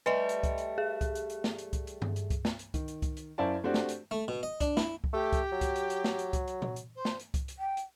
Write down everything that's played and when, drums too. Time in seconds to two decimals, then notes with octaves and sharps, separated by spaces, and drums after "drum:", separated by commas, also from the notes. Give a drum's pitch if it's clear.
0.06 G3 A3 B4 D#5
0.29 drum: hi-hat
0.43 drum: kick C2, hi-hat
0.58 drum: hi-hat
0.78 G#4
1.01 drum: kick C2, hi-hat
1.15 drum: hi-hat
1.30 drum: hi-hat
1.44 drum: snare
1.58 drum: hi-hat
1.73 drum: kick C2, hi-hat
1.87 drum: hi-hat
2.02 drum: tom G2
2.16 drum: hi-hat
2.30 drum: kick C2, hi-hat
2.45 drum: snare
2.59 drum: hi-hat
2.74 D#3, drum: kick C2, hi-hat
2.88 drum: hi-hat
3.02 drum: kick C2, hi-hat
3.17 drum: hi-hat
3.38 F#2 E4 C5 D5 F5 A5
3.64 A3 C4 D4 F#4 G4 D5
3.74 drum: snare
3.89 drum: hi-hat
4.11 A3
4.28 B2
4.43 D#5
4.61 D4, drum: kick C2, hi-hat
4.77 E4, drum: snare
5.04 drum: kick C2
5.13 A3 G4
5.33 drum: kick C2, hi-hat
5.52 F#3
5.61 drum: kick C2, hi-hat
5.76 drum: hi-hat
5.90 drum: hi-hat
6.04 drum: snare
6.19 drum: hi-hat
6.33 drum: kick C2, hi-hat
6.48 drum: hi-hat
6.62 drum: tom A#2
6.76 drum: hi-hat
6.95 C5
7.05 drum: snare
7.20 drum: hi-hat
7.34 drum: kick C2, hi-hat
7.48 drum: hi-hat
7.59 G5
7.77 drum: hi-hat